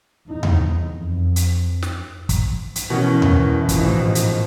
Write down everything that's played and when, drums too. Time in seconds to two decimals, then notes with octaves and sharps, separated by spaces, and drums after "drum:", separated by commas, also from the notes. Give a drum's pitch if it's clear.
0.27 E2 D#4
0.43 drum: tom D#2
0.93 F2
1.36 drum: hi-hat
1.82 drum: snare
2.29 drum: kick, hi-hat
2.76 drum: hi-hat
2.90 B2 D#3 E3 C#4
3.22 drum: tom D#2
3.69 A1 G#2 D#3 F3, drum: kick, hi-hat
4.15 drum: hi-hat